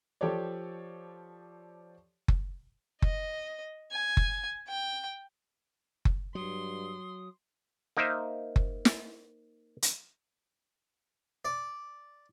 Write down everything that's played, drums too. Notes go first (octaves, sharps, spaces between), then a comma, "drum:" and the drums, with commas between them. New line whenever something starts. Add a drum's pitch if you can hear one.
F3 G4 A4 C#5 D5
drum: kick F#1
D#5, drum: kick F#1
G#5
drum: kick F#1
G5
drum: kick F#1
G2 F#3 C6 D#6
A#3 D#4 A#4 C5 E5
drum: kick F#1
drum: snare
drum: hi-hat
D5